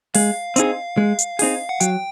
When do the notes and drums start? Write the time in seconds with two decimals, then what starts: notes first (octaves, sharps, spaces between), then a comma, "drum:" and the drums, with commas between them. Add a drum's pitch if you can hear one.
0.14 G#3 F5, drum: open hi-hat
0.56 C4 D#4 G#4, drum: hi-hat
0.97 G#3
1.19 drum: hi-hat
1.39 C4 D#4 G#4, drum: open hi-hat
1.69 F#5
1.80 F#3 G5, drum: hi-hat